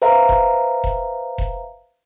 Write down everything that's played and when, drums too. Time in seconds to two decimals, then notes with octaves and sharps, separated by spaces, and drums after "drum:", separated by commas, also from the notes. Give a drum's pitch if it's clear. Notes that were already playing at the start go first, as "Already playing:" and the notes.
0.02 B4 C5 E5 F5 A#5
0.29 drum: kick E1
0.84 drum: kick E1
1.38 drum: kick E1